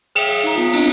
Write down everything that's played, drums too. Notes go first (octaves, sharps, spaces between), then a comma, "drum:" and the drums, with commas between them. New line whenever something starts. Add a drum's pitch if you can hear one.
G#4 G5, drum: cymbal
G#4
D#4 A#5
B3 F4
C4 D4 E4 D#5, drum: cymbal